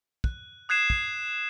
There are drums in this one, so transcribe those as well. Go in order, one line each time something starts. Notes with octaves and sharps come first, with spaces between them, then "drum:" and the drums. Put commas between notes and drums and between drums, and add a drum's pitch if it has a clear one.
F#6, drum: kick
D#6 F#6 G#6 C7 E7
drum: kick